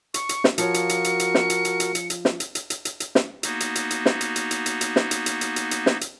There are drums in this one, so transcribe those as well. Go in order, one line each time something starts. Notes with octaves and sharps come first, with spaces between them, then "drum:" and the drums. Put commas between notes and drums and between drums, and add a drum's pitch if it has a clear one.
C#6, drum: hi-hat
drum: hi-hat
drum: snare
F3 F4 F#4 A#4 C#5 C#7, drum: hi-hat
drum: hi-hat
drum: hi-hat
drum: hi-hat
drum: hi-hat
drum: snare
drum: hi-hat
drum: hi-hat
drum: hi-hat
drum: hi-hat
drum: hi-hat
drum: snare
drum: hi-hat
drum: hi-hat
drum: hi-hat
drum: hi-hat
drum: hi-hat
drum: snare
A#3 B3 D#4 F#4, drum: hi-hat
drum: hi-hat
drum: hi-hat
drum: hi-hat
drum: snare
drum: hi-hat
drum: hi-hat
drum: hi-hat
drum: hi-hat
drum: hi-hat
drum: snare
drum: hi-hat
drum: hi-hat
drum: hi-hat
drum: hi-hat
drum: hi-hat
drum: snare
drum: hi-hat